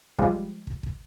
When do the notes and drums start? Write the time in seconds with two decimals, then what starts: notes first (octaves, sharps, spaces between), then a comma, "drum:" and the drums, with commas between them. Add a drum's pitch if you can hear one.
0.19 F3 G3 G#3, drum: kick
0.67 drum: kick
0.83 drum: kick